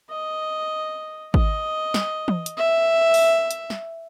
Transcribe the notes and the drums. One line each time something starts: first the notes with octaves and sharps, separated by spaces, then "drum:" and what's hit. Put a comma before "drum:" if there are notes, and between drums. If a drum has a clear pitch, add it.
D#5
D#5, drum: kick G#1
drum: snare
drum: tom E3
drum: hi-hat
E5
drum: open hi-hat
drum: hi-hat
drum: snare